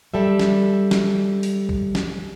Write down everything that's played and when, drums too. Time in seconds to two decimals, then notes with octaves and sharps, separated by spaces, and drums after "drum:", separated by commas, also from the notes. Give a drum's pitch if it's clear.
0.14 G3 A4 E5
0.39 drum: snare
0.91 drum: snare
1.43 drum: open hi-hat
1.69 drum: kick
1.95 drum: snare